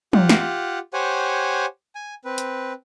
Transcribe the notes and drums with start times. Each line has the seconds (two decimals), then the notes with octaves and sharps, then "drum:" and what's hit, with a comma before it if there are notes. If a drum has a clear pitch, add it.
0.13 F4 G4 F#5, drum: tom
0.29 drum: snare
0.93 G4 C5 C#5 F#5 G#5
1.95 G#5
2.25 C4 B4
2.38 drum: hi-hat